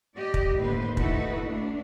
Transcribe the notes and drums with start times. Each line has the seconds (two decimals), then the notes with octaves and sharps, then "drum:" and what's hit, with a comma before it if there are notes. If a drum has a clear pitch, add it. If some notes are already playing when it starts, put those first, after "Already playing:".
0.14 G3 G4 D5 D#5
0.34 drum: kick
0.58 D#2 A2 D3 B4 C5
0.97 A3 D#4 E4 F#4 A4 B4, drum: kick
1.43 A3 D4